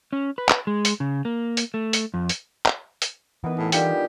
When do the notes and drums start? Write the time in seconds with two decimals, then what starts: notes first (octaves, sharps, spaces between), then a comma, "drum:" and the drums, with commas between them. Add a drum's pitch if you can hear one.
0.13 C#4
0.38 B4
0.49 drum: clap
0.67 G#3
0.85 drum: hi-hat
1.00 C#3
1.25 A#3
1.57 drum: hi-hat
1.74 A3
1.93 drum: hi-hat
2.14 F2
2.29 drum: hi-hat
2.66 drum: clap
3.02 drum: hi-hat
3.44 E3 B3 D#4 A#4 B4
3.58 A2 G#4
3.72 D3 D#3 G3 F4 G4 A4, drum: hi-hat